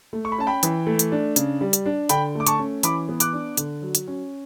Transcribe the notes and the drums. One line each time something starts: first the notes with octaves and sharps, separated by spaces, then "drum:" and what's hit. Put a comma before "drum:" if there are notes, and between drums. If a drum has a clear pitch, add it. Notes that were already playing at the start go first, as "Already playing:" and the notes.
A3
C#6
B5
C#4 A5
G5 B5
E3, drum: hi-hat
A3
drum: hi-hat
D4
C#3, drum: hi-hat
G3
drum: hi-hat
D4
D3 G5 B5, drum: hi-hat
A3
D6
A5 C#6, drum: hi-hat
C#4
E3 B5 D6, drum: hi-hat
B3
D6 F#6, drum: hi-hat
D4
D3, drum: hi-hat
F#3
drum: hi-hat
C#4